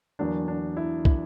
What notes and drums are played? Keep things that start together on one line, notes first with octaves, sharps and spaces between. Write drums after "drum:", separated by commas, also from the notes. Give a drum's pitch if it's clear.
E2 D3 F#3 A#3 D4
D4
E4
E4, drum: kick